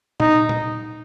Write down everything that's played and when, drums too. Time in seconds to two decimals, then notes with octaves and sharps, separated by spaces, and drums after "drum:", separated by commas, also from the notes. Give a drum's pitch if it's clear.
0.20 D#4, drum: tom A#2
0.49 drum: tom A#2